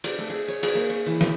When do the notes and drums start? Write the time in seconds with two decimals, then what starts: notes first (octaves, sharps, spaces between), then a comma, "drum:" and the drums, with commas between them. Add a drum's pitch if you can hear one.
0.04 G4, drum: cymbal
0.19 A3
0.30 G#4
0.48 C#5
0.63 G#4, drum: cymbal
0.75 A#3
0.90 C#6
1.07 E3
1.21 drum: snare